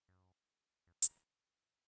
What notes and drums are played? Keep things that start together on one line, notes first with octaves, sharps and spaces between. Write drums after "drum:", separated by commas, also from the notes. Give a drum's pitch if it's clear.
F#2
F2
F#2, drum: hi-hat